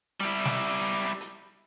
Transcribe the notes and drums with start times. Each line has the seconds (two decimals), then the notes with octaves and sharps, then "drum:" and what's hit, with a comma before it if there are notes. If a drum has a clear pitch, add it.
0.20 G3 E4, drum: hi-hat
0.45 drum: snare
1.21 drum: hi-hat